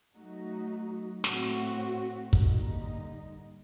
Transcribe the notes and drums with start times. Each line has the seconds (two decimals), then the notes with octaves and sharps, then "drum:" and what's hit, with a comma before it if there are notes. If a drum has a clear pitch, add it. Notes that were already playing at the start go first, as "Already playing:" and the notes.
0.14 F#3 A3 D#4 F#4
1.24 A2 A3 C4 F#4, drum: snare
2.33 D3 G3 A#3 D#4, drum: kick